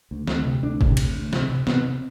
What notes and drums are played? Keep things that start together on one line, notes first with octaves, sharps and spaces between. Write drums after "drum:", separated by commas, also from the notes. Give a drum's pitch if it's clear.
D2
D2, drum: snare
C3
D2 D4
C3, drum: kick G#1
D2, drum: cymbal
D2
C3, drum: snare
C3
C3 B3, drum: snare
C3